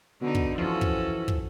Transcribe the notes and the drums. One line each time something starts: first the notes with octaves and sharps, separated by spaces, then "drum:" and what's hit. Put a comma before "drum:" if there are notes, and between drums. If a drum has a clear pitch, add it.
B2 D3 D#4
drum: kick
E3 F3 C#4 F#4 A4
drum: kick
drum: kick